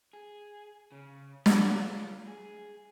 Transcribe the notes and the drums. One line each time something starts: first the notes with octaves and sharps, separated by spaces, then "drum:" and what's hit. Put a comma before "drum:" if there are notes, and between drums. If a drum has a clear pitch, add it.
G#4
C#3
G#3 F4, drum: snare
G#4